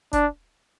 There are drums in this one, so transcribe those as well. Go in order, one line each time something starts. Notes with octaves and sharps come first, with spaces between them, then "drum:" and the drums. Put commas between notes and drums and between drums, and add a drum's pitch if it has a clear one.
D4, drum: kick F#1, hi-hat